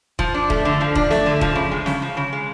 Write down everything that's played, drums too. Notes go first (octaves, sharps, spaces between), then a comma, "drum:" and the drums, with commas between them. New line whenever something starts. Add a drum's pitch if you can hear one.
F3, drum: kick E1
D4
A3, drum: kick E1
D3
F3
D4, drum: kick E1
A3, drum: snare
D3
F3, drum: kick E1
C#3
G#3
C#3, drum: snare
F3
C#3
G#3